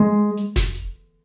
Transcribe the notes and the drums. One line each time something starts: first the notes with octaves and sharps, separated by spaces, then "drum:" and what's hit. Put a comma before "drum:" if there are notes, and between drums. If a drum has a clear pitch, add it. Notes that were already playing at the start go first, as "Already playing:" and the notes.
Already playing: G#3
drum: hi-hat
drum: snare F1
drum: hi-hat